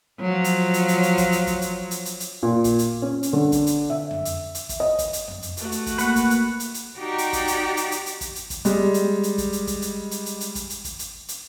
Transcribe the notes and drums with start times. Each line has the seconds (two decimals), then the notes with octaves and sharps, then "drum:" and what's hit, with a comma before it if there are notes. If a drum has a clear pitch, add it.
0.21 F3 F#3
0.44 drum: hi-hat
0.74 drum: hi-hat
0.88 drum: hi-hat
1.03 drum: hi-hat
1.18 drum: kick, hi-hat
1.32 drum: hi-hat
1.47 drum: kick, hi-hat
1.62 drum: hi-hat
1.91 drum: hi-hat
2.06 drum: hi-hat
2.20 drum: hi-hat
2.43 A#2
2.64 drum: kick, hi-hat
2.79 drum: hi-hat
3.02 C#4
3.23 drum: hi-hat
3.33 D3
3.52 drum: kick, hi-hat
3.67 drum: hi-hat
3.90 E5
4.11 drum: tom
4.25 drum: hi-hat
4.55 drum: hi-hat
4.69 drum: kick, hi-hat
4.80 D#5
4.99 drum: kick, hi-hat
5.13 drum: hi-hat
5.28 drum: tom
5.42 drum: hi-hat
5.57 A3 F#4, drum: hi-hat
5.72 drum: hi-hat
5.86 drum: kick, hi-hat
5.98 A#3 B4 F#5, drum: hi-hat
6.16 drum: kick, hi-hat
6.30 drum: hi-hat
6.60 drum: hi-hat
6.74 drum: hi-hat
6.97 D#4 F#4 G4 D5 G5 A#5
7.18 drum: hi-hat
7.33 drum: kick, hi-hat
7.48 drum: hi-hat
7.77 drum: hi-hat
7.92 drum: hi-hat
8.06 drum: hi-hat
8.21 drum: kick, hi-hat
8.35 drum: hi-hat
8.50 drum: kick, hi-hat
8.65 G3 G#3, drum: hi-hat
8.94 drum: hi-hat
9.23 drum: hi-hat
9.38 drum: kick, hi-hat
9.53 drum: hi-hat
9.67 drum: kick, hi-hat
9.82 drum: hi-hat
10.11 drum: hi-hat
10.26 drum: hi-hat
10.41 drum: hi-hat
10.55 drum: kick, hi-hat
10.70 drum: hi-hat
10.85 drum: kick, hi-hat
10.99 drum: hi-hat
11.28 drum: hi-hat